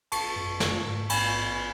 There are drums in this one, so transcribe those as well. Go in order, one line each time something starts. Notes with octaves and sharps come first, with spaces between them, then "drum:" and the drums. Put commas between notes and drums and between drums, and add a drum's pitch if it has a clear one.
G#1 A5 C#6, drum: cymbal
F#2
A3, drum: snare
G#2
A1 G#5 B5, drum: cymbal
A1